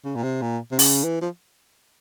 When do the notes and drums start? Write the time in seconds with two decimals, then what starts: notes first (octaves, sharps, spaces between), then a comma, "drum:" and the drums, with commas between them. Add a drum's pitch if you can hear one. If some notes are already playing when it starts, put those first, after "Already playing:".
0.05 C#3
0.15 A#2
0.23 C3
0.41 A#2
0.71 C3
0.79 C#3, drum: open hi-hat
1.04 E3
1.21 F3